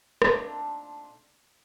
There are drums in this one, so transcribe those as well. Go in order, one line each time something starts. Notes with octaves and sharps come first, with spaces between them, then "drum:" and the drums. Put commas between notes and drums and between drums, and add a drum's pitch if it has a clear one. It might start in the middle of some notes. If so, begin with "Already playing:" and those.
A#2 A3 C4 D4 D#4 A4, drum: rim click